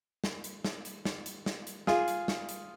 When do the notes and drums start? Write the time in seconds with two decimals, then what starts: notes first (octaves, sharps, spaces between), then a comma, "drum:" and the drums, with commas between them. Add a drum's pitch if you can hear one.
0.24 drum: snare
0.44 drum: hi-hat
0.65 drum: snare
0.85 drum: hi-hat
1.05 drum: snare
1.26 drum: hi-hat
1.46 drum: snare
1.67 drum: hi-hat
1.87 F4 G#4, drum: snare
2.08 drum: hi-hat
2.28 drum: snare
2.49 drum: hi-hat